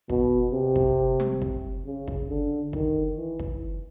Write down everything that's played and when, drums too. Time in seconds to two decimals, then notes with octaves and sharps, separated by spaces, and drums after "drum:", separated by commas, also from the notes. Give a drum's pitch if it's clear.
0.10 B2, drum: kick
0.53 C3
0.76 drum: kick
1.20 drum: tom
1.42 drum: kick
1.86 C#3
2.08 drum: kick
2.29 D3
2.73 D#3, drum: kick
3.17 E3
3.39 drum: kick